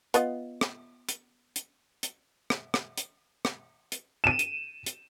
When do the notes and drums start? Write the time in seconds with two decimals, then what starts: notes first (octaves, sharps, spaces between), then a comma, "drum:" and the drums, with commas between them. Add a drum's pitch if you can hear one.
0.14 B3 F4 D#5, drum: hi-hat
0.61 drum: rim click
1.09 drum: hi-hat
1.56 drum: hi-hat
2.03 drum: hi-hat
2.50 drum: rim click
2.74 drum: rim click
2.98 drum: hi-hat
3.45 drum: rim click
3.92 drum: hi-hat
4.24 D#7 E7
4.39 drum: hi-hat
4.86 drum: hi-hat